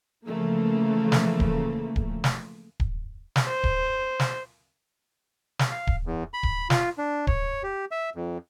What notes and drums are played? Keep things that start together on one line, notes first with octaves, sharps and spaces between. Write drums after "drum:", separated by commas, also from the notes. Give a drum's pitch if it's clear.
C#3 E3 F3 A3 A#3
drum: snare
drum: kick D1
drum: kick D1
drum: snare
drum: kick D1
drum: snare
C5
drum: kick D1
drum: snare
drum: snare
F5
drum: kick D1
E2
B5
drum: kick D1
F4, drum: snare
D4
C#5, drum: kick D1
G4
E5
F2